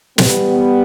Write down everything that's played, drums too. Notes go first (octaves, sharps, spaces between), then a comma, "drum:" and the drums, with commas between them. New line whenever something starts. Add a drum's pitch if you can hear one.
E3 G3 B3, drum: snare